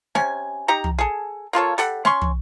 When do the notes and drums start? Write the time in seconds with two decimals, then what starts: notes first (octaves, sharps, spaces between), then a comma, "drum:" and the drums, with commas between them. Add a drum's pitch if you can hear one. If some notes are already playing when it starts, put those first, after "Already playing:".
0.15 C3 C#4 G#5, drum: snare
0.68 D#4 G4 A#5
0.84 drum: tom
0.99 G#4 A4
1.53 A#3 F4 A4 C#5
1.78 G3 A4 F#5, drum: hi-hat
2.05 C#4 C6 C#6, drum: snare
2.22 drum: tom